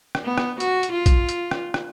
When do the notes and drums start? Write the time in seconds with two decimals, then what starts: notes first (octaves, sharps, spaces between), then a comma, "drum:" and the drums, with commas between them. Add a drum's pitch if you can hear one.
0.15 drum: rim click
0.24 B3
0.38 drum: rim click
0.60 F#4, drum: hi-hat
0.83 drum: hi-hat
0.92 F4
1.06 drum: kick A#1, hi-hat
1.29 drum: hi-hat
1.51 drum: rim click
1.74 drum: rim click